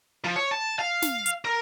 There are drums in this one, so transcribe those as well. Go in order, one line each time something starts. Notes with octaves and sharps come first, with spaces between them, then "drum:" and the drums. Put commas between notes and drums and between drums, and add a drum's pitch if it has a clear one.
F3
C#5
A5
F5
drum: snare
drum: hi-hat
A#4